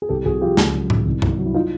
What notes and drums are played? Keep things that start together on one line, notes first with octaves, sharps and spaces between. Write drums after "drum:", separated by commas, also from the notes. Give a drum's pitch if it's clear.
G#4
C2 G4 A4
C2 F#4 G#4
F3 F4 G4
C#2, drum: snare
F#3
D#3, drum: tom A2
C2
C2, drum: tom G2
F#3
E4
D#4 F4